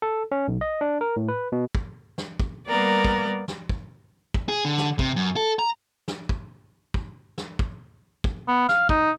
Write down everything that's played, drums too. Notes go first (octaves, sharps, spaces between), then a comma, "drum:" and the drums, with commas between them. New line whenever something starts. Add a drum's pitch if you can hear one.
A4
C#4
B1
D#5
D4
A#4
A2
B4
B2
drum: kick
drum: snare
drum: kick
G3 A#3 B3 A#4 D5
drum: kick
drum: snare
drum: kick
drum: kick
G#4
D3
drum: snare
C3, drum: kick
F#2
A4
A#5
drum: snare
drum: kick
drum: kick
drum: snare
drum: kick
drum: kick
B3
F5, drum: snare
D#4, drum: kick